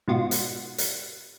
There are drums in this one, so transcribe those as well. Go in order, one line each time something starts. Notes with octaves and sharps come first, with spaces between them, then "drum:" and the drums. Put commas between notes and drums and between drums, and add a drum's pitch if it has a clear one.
G#2 B2 F4 F#4
drum: hi-hat
drum: hi-hat